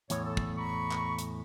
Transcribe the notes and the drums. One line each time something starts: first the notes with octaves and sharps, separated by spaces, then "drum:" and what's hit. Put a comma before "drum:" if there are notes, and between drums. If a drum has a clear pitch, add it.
E2 A2 D3 C#5, drum: hi-hat
A4
drum: kick
A#5 B5 C#6
drum: clap
drum: hi-hat